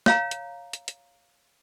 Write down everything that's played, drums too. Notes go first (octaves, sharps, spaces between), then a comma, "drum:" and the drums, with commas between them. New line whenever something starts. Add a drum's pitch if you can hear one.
C#5 F5 A#5, drum: snare
drum: hi-hat
drum: hi-hat
drum: hi-hat